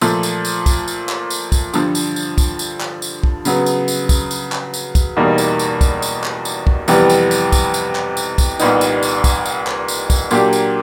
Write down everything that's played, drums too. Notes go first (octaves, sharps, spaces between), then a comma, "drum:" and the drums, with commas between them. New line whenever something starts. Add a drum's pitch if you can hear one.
A#2 F3 A3, drum: tambourine
drum: tambourine
drum: tambourine
drum: kick, tambourine
drum: tambourine
drum: clap
drum: tambourine
drum: kick, tambourine
G2 D3 F3, drum: tambourine
drum: tambourine
drum: tambourine
drum: kick, tambourine
drum: tambourine
drum: clap
drum: tambourine
drum: kick
C#3 F#3 B3, drum: tambourine
drum: tambourine
drum: tambourine
drum: kick, tambourine
drum: tambourine
drum: clap
drum: tambourine
drum: kick, tambourine
E2 B2 G3 A#3 D#4
drum: tambourine
drum: tambourine
drum: kick, tambourine
drum: tambourine
drum: clap
drum: tambourine
drum: kick
F2 C3 E3 G3 B3, drum: tambourine
drum: tambourine
drum: tambourine
drum: kick, tambourine
drum: tambourine
drum: clap
drum: tambourine
drum: kick, tambourine
C2 A#2 G3 B3 D#4, drum: tambourine
drum: tambourine
drum: tambourine
drum: kick, tambourine
drum: tambourine
drum: clap
drum: tambourine
drum: kick, tambourine
A#2 F#3 A#3 D4 G4, drum: tambourine
drum: tambourine